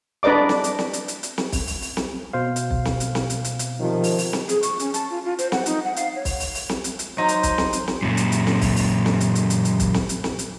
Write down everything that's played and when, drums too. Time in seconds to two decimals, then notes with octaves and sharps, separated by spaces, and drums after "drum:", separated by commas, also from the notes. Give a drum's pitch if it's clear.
0.23 D4 B4 D5 D#5 D6
0.49 drum: snare
0.64 drum: hi-hat
0.79 drum: snare
0.93 drum: hi-hat
1.08 drum: hi-hat
1.23 drum: hi-hat
1.38 drum: snare
1.52 drum: kick, open hi-hat
1.67 drum: open hi-hat
1.82 drum: open hi-hat
1.97 drum: snare
2.33 B2 C5 F5
2.56 drum: hi-hat
2.71 drum: kick
2.85 drum: snare
3.00 drum: hi-hat
3.15 drum: snare
3.30 drum: hi-hat
3.44 drum: hi-hat
3.59 drum: hi-hat
3.80 C3 D#3 F3
4.04 drum: open hi-hat
4.18 drum: open hi-hat
4.33 drum: snare
4.49 G#4, drum: hi-hat
4.63 C#6, drum: hi-hat
4.79 C#4, drum: hi-hat
4.94 A5, drum: hi-hat
5.10 F4
5.25 F4
5.39 C5, drum: hi-hat
5.52 F#5, drum: snare
5.66 D#4, drum: hi-hat
5.85 F#5
5.96 F5, drum: hi-hat
6.16 C#5
6.25 drum: kick, open hi-hat
6.40 drum: open hi-hat
6.55 drum: open hi-hat
6.69 drum: snare
6.84 drum: hi-hat
6.99 drum: hi-hat
7.18 F#3 D#4 C5
7.28 drum: hi-hat
7.43 drum: kick, hi-hat
7.58 drum: snare
7.73 drum: hi-hat
7.88 drum: snare
8.02 F#2 A#2
8.17 drum: hi-hat
8.32 drum: hi-hat
8.47 drum: snare
8.61 drum: kick, open hi-hat
8.76 drum: open hi-hat
9.06 drum: snare
9.21 drum: hi-hat
9.35 drum: hi-hat
9.50 drum: hi-hat
9.65 drum: hi-hat
9.80 drum: kick, hi-hat
9.94 drum: snare
10.09 drum: hi-hat
10.24 drum: snare
10.39 drum: hi-hat